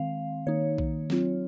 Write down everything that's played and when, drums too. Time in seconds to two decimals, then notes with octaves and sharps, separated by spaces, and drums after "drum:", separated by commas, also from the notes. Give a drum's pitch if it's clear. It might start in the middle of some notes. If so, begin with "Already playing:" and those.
Already playing: D#3 G#3 C4 F5
0.47 D#3 A#3 D#4 C#5
0.78 drum: kick B1
1.10 F#3 C4 F4, drum: snare